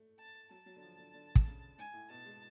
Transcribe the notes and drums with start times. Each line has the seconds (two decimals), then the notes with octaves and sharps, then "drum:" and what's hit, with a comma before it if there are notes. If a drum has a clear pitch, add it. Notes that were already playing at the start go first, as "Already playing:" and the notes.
Already playing: A3
0.18 A5
0.51 F#3 A5
0.66 F#3
0.76 D3
0.83 F3
0.98 D3
1.14 D3
1.35 drum: kick
1.47 C#3
1.78 G#2 G#5
1.94 A2
2.10 B2 A5
2.26 G#3